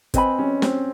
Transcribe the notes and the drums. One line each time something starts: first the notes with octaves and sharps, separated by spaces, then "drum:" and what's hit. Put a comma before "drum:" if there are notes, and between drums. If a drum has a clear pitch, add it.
C4 B4 D#5 G#5 B5, drum: kick, hi-hat
C#4
C4, drum: snare